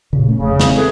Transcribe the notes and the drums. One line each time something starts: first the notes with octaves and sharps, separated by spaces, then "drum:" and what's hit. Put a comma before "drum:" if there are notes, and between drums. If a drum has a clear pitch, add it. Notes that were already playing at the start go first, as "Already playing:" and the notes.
A#2 C#3
A3 C#4
F1 C#3
C4, drum: snare
A3 G#4 B4